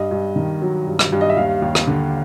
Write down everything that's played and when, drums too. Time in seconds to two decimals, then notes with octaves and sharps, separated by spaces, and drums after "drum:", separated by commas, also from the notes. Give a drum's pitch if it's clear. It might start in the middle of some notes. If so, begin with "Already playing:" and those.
Already playing: G2 D#5
0.11 G2
0.36 D#3
0.62 F#3
0.87 G2
0.99 drum: rim click
1.12 G2
1.21 D#5
1.30 E5
1.37 D#2 F5
1.62 D#2
1.75 drum: rim click
1.87 D3